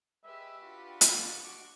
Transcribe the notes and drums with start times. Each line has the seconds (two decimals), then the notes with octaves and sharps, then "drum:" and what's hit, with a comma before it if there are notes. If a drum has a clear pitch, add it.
0.24 G#3 G4 B4 E5
0.62 D4 F4 F#4
1.01 drum: hi-hat
1.44 D4 F#4 C#6 D6